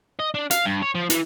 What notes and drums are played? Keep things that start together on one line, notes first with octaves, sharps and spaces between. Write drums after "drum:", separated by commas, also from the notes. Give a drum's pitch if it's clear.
D#5
D4
F5, drum: hi-hat
G2
C#5
F3
E3, drum: hi-hat